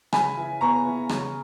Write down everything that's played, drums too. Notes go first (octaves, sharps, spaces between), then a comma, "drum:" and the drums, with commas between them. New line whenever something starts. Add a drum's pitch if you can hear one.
C#3 G#5 B5, drum: rim click
E3
B3 A#5 C#6
E3
C#3, drum: rim click